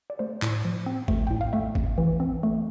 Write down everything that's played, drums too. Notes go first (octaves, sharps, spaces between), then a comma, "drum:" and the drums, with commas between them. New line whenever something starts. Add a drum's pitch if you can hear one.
D5
A3 C5
A2, drum: clap
F3
C4
A3, drum: kick G#1
A2 G5
F5
A3 E5
F2, drum: kick G#1
E3
C4
A3